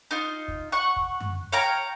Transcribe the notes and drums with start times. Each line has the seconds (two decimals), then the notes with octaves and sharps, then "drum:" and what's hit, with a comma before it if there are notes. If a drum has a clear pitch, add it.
0.11 D#4 F4
0.48 drum: kick
0.72 F#5 C#6
0.96 drum: kick
1.20 drum: tom F#2
1.52 C#5 F5 G5 A#5